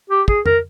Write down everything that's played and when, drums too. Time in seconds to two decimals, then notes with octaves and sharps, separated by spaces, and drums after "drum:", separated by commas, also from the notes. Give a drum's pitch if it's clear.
0.10 G4
0.28 G#4, drum: kick
0.46 A#4, drum: tom F2